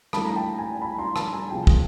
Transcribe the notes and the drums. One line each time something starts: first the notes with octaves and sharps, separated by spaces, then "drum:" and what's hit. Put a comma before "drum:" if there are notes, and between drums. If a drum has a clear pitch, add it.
G2 E3 A3 A5 B5, drum: rim click
A#5
G5 A5
G#5 A#5
A5 B5
B5
A#5 C6
A5 B5, drum: rim click
G#5 A#5
C3 F3 G#3 B3 G5 A5
drum: kick